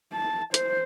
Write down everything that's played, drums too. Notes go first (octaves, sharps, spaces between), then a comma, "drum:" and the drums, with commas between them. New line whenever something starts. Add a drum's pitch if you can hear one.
A5
C5, drum: hi-hat